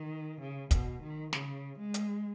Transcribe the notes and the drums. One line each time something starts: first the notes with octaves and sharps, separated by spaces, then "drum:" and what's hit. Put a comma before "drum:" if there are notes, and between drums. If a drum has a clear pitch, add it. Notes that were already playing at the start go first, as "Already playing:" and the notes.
Already playing: D#3
C#3
B2, drum: kick, hi-hat
D#3
C#3, drum: snare
G#3
drum: hi-hat